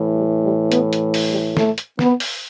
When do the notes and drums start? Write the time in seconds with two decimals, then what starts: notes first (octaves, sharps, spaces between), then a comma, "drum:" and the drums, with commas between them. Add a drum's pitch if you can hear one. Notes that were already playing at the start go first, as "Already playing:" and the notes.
Already playing: A2 E3
0.15 G3
0.43 G3
0.72 B3, drum: hi-hat
0.93 drum: hi-hat
1.14 drum: open hi-hat
1.28 G3
1.57 A3, drum: snare
1.78 drum: hi-hat
1.99 B3, drum: snare
2.20 drum: open hi-hat